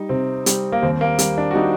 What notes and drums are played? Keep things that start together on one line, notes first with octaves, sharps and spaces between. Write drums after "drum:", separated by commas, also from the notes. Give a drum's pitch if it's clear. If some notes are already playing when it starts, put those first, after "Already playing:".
Already playing: G3 D#4
C3 C4
G3, drum: hi-hat
A#3
D#2 C4
A#3
G3, drum: hi-hat
D4
F#4
G3 D#4